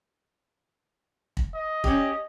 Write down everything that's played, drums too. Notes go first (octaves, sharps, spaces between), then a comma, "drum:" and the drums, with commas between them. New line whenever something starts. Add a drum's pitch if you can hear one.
drum: kick
D#5
C#4 G4, drum: kick